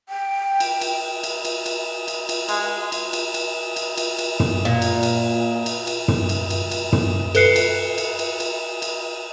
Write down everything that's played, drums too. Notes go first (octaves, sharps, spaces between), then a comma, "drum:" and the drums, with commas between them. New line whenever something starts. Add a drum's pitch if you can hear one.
G5
drum: cymbal
drum: cymbal
drum: cymbal
drum: cymbal
drum: cymbal
drum: cymbal
drum: cymbal
G#3, drum: cymbal
drum: cymbal
drum: cymbal
drum: cymbal
drum: cymbal
drum: cymbal
drum: cymbal
drum: tom
A#2
drum: cymbal
drum: cymbal
drum: cymbal
drum: cymbal
drum: tom
drum: cymbal
drum: cymbal
drum: cymbal
drum: tom
A4 B4 F#6 C7 C#7, drum: cymbal
drum: cymbal
drum: cymbal
drum: cymbal
drum: cymbal
drum: cymbal